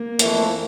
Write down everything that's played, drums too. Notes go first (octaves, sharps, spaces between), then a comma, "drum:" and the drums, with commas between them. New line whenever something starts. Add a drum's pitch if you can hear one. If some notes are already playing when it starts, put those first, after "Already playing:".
Already playing: A#3
F2 E3 A3, drum: hi-hat